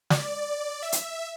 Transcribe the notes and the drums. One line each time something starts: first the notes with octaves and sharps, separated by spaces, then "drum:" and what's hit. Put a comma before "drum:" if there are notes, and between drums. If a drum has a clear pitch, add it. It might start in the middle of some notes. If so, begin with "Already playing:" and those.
D5, drum: snare
E5
drum: hi-hat